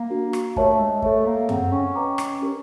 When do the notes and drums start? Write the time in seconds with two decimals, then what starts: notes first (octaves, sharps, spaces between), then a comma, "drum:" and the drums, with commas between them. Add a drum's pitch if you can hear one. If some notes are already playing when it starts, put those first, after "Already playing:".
Already playing: A#3
0.10 D4 F#4 A#4
0.33 drum: rim click
0.56 A3 G4 A#4 C#5 E5 A5, drum: kick
0.79 G#3
1.02 A3 A4 C#5 E5, drum: kick
1.26 A#3
1.49 C4 G#4 C#5 F#5, drum: tom F#2
1.72 C#4
1.95 B4 D#5 G5 A#5 D6
2.18 drum: rim click
2.41 C#4 D4 G4 A#4